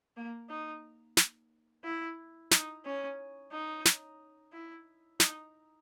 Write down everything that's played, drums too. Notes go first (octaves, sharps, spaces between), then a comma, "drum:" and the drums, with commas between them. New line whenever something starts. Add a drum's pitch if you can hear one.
A#3
D#4
drum: snare
E4
D#4, drum: snare
C#4
D#4
drum: snare
E4
D#4, drum: snare